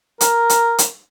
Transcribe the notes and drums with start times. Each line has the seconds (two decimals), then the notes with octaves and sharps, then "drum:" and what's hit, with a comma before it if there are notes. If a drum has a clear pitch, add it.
0.21 A#4, drum: hi-hat
0.50 drum: hi-hat
0.78 drum: hi-hat